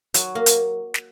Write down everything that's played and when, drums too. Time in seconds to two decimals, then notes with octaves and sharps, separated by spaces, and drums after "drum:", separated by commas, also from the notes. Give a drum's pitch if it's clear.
0.14 F#3, drum: hi-hat
0.35 A#3
0.46 drum: hi-hat
0.94 drum: snare